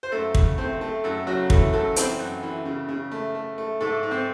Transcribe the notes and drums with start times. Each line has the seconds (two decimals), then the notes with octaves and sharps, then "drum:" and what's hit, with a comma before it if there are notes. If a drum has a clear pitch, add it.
0.03 C5
0.12 F#2 A3 A4
0.35 C#3, drum: kick
0.58 A3 C4 C5
0.81 A3
1.04 F#2 A3 A4
1.27 C#3 F#3 F#4
1.50 E3 A3 A4, drum: kick
1.73 F#2 A3 A4
1.96 E3 C4 C5, drum: hi-hat
2.19 F#2
2.43 E3
2.65 C#3
2.88 C#3
3.12 A3
3.35 A3
3.58 A3
3.80 G#2 A3 A4
4.03 G#2
4.11 C4 C5